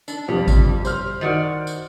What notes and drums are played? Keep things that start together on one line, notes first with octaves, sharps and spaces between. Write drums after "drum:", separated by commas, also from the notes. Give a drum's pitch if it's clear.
D4, drum: tambourine
F2 G3
drum: kick G#1, tambourine
C5 F6, drum: tambourine
D#3 F#4 D5
drum: tambourine